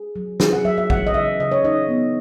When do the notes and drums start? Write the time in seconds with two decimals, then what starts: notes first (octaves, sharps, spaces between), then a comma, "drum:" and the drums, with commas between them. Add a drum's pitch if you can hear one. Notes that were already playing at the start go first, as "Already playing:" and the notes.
Already playing: G#4
0.16 F#3
0.40 F#3 G#4, drum: snare
0.53 F#5
0.65 F#3 E5
0.78 E5
0.90 E3 F#5, drum: kick
1.07 D#5
1.14 C#3 E5
1.40 C#3 D#5
1.52 C#5
1.64 D#4 D#5
1.89 B3